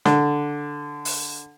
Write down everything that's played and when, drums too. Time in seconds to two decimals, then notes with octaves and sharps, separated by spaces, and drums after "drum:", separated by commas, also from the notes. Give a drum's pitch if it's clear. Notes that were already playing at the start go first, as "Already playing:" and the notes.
0.05 D3, drum: snare
1.05 drum: open hi-hat